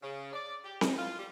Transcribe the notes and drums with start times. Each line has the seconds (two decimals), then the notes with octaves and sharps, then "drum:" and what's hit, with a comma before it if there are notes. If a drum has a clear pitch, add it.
0.02 C#3
0.33 D5
0.64 G4
0.81 D#4, drum: snare C4
0.98 F4
1.18 G3